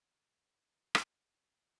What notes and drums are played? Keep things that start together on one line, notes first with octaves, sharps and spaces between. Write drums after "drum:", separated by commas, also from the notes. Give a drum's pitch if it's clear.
D#3 G3 B3 D#4 D#5
D#3 G#3 D#4 B4
drum: rim click
B4
D#3 G3 B3 D#4 A#4
B4
D#3 A#3 D#4 A#4